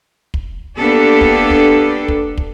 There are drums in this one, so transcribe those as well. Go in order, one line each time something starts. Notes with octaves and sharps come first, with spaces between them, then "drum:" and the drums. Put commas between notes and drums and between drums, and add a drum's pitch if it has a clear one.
drum: kick
A#3 B3 D4 G4 A4
drum: kick
drum: kick
drum: kick
drum: kick